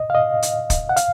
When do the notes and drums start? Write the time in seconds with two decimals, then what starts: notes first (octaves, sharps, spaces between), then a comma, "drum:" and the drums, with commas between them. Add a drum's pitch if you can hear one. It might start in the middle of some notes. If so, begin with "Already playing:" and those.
Already playing: D#5
0.10 F5
0.15 D#5
0.43 drum: hi-hat
0.70 drum: kick, hi-hat
0.89 F#5
0.97 F5, drum: hi-hat